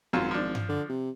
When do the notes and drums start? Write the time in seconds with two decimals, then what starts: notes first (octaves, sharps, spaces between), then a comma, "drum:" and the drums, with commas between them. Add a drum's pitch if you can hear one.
0.13 G#1 F#2 F#3 F4
0.31 F3 D4
0.55 drum: tom G2
0.69 D3
0.89 C3